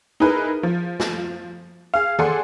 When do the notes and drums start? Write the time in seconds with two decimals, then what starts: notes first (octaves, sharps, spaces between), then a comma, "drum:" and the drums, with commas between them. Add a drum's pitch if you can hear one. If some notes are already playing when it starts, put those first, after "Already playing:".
0.20 D#4 E4 G#4 A#4 B4
0.63 F3
1.00 drum: snare
1.94 G#4 F5
2.19 G#4 A4 D5 F#5 G#5 C6, drum: tom D#3